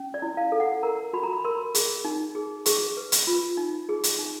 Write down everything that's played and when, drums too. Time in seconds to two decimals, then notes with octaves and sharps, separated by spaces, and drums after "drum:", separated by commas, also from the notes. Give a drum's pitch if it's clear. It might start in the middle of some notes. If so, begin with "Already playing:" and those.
Already playing: C#4
0.14 D5
0.22 E4
0.37 F5
0.52 A4
0.60 F#5
0.83 A#4 A#5
1.13 F#4 B5
1.23 A#5
1.33 B5
1.45 A#4 C6
1.75 G#4, drum: hi-hat
2.05 D#4
2.35 G#4
2.66 G#4 C#6, drum: hi-hat
2.97 B4
3.12 drum: hi-hat
3.27 F4
3.57 D#4
3.89 G#4
4.04 drum: hi-hat
4.19 D#4